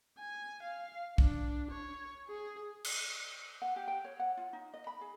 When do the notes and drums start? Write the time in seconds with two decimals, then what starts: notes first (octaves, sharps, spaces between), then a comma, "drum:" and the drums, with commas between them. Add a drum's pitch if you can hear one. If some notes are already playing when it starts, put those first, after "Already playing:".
0.18 G#5
0.63 F5
1.18 D4, drum: kick
1.72 C#5
2.28 G#4
2.85 drum: cymbal
3.62 F#5
3.76 G4
3.88 G5
4.05 C#5
4.20 F#5
4.37 F4
4.53 D#4
4.74 D#5
4.87 B5
5.01 G#4